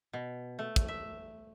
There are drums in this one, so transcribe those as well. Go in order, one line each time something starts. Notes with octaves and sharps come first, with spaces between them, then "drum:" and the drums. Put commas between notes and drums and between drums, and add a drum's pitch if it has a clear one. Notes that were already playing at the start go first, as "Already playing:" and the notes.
B2
A3
drum: kick, hi-hat
E5